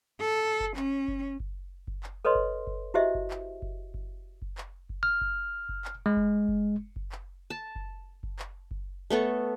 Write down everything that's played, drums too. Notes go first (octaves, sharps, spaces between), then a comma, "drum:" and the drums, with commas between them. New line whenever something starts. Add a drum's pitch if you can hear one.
A4
drum: kick F#1
C#4, drum: clap
drum: kick F#1
drum: kick F#1
drum: kick F#1
drum: clap
A4 B4 C#5 D#5 C6
drum: kick F#1
drum: kick F#1
E4 F#4 G4 C5 D#5 E5
drum: kick F#1
drum: clap
drum: kick F#1
drum: kick F#1
drum: kick F#1
drum: clap
drum: kick F#1
F6
drum: kick F#1
drum: kick F#1
drum: clap
G#3
drum: kick F#1
drum: kick F#1
drum: kick F#1
drum: clap
A5
drum: kick F#1
drum: kick F#1
drum: clap
drum: kick F#1
A3 B3 A4 C#5